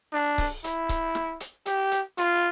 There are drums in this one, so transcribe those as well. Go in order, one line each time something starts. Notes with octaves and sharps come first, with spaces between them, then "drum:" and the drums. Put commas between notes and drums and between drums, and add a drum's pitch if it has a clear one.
D4
drum: kick C#1, open hi-hat
E4, drum: hi-hat
drum: kick C#1, hi-hat
drum: snare
drum: hi-hat
G4, drum: hi-hat
drum: hi-hat
F4, drum: hi-hat